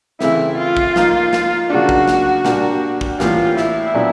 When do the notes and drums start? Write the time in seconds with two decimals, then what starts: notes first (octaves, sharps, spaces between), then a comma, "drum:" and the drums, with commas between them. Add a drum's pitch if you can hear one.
0.21 C#3 E3 A3 C4 E4, drum: snare
0.58 F4
0.77 drum: kick
0.96 F3 A#3 D#4, drum: snare
1.33 drum: snare
1.70 C#3 F#3 A#3 D4 F#4
1.89 drum: kick
2.08 drum: snare
2.45 A#2 G3 A#3 D4, drum: snare
3.01 drum: kick
3.20 A2 E3 G3 A#3 F4, drum: snare
3.57 E4, drum: snare
3.94 A#2 F#3 B3 D4